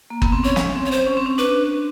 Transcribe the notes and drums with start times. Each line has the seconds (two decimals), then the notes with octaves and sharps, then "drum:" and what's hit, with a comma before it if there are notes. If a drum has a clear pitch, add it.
0.10 A#3
0.22 B3, drum: kick
0.32 C4
0.44 C#4 C#5
0.56 drum: snare
0.75 C4
0.86 C#5
0.91 C5
1.07 C#4
1.17 C4
1.26 C#4
1.38 D4 B4